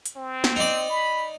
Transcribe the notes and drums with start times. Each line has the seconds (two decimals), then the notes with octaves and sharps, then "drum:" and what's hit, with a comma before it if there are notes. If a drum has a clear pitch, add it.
0.06 drum: hi-hat
0.16 C4
0.44 drum: snare
0.56 D#4 D5
0.90 B5